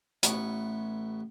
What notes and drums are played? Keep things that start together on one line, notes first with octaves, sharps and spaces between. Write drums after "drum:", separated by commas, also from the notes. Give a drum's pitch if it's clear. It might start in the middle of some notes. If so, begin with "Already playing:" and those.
A1 B3 C#6, drum: hi-hat